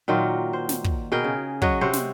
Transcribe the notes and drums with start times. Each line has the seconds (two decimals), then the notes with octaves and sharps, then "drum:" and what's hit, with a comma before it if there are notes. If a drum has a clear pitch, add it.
0.08 A#2 D#3 F#3 F4
0.53 C5
0.69 drum: snare
0.84 drum: kick
1.12 B2 G#4 A#4 G5
1.24 C#3
1.62 F#3 F#4 C#5 D#5, drum: kick
1.81 C3 C5 C#5 F#5
1.93 drum: snare